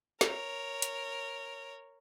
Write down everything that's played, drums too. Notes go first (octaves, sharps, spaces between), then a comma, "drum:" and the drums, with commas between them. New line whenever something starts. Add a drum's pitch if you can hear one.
A#4 C#5, drum: snare
drum: hi-hat